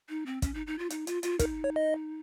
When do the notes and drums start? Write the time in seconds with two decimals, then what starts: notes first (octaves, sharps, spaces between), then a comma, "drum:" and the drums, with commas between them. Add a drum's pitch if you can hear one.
0.09 D#4
0.26 C4
0.42 C#4, drum: kick, hi-hat
0.54 D#4
0.67 D#4
0.79 F4
0.90 D#4, drum: hi-hat
1.07 F4, drum: hi-hat
1.23 F4, drum: hi-hat
1.39 D#4 A#4, drum: kick, hi-hat
1.64 C#5
1.76 D#5